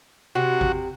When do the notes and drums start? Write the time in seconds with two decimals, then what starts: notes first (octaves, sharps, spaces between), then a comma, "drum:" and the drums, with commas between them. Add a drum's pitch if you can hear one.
0.35 C3 F#4
0.61 drum: kick G#1